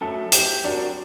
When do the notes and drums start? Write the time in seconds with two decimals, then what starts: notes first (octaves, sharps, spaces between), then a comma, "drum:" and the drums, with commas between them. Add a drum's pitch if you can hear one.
0.01 F#2 F#3 A3 A4
0.32 G4, drum: hi-hat
0.64 F#3 C4 D4 F#4 A#4